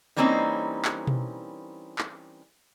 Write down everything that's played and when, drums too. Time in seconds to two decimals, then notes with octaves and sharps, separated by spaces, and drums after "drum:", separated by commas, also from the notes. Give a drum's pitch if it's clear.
0.16 E3 G3 A#3 C4 C#4 D#4
0.85 drum: clap
1.07 drum: tom B2
1.98 drum: clap